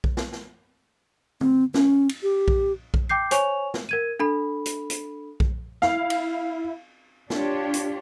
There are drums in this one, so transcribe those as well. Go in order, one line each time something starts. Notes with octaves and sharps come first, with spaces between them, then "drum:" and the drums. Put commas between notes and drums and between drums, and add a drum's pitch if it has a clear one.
drum: kick B1
drum: snare
drum: snare
C4, drum: tom
C#4, drum: snare
drum: cymbal
G4
drum: kick B1
drum: kick B1
G5 D6 G6 C7
C5 C#5 G#5 C#6 F7, drum: hi-hat
drum: snare
A#4 G#6 D#7
D4 A4 B5
drum: hi-hat
drum: hi-hat
drum: kick B1
E4 F5, drum: snare
drum: cymbal
D4 F4 G4 C#5, drum: snare
drum: hi-hat